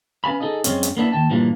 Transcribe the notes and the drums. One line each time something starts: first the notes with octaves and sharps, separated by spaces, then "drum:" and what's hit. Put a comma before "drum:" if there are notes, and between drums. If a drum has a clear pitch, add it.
C#4 B4 F5 G#5 B5
D#4 G#4 A4 D#5
F#2 A#2 G#3 C4 C#4, drum: hi-hat
drum: hi-hat
A#3 B3 D4 E4
D#2 G5 A5
G2 A#2 E3 F3 A#3 D4